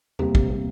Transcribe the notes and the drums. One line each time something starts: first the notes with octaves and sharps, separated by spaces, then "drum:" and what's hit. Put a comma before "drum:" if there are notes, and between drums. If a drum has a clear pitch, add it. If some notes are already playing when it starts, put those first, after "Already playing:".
C3 G3 A#3, drum: tom E2
drum: kick
C3 G3 A#3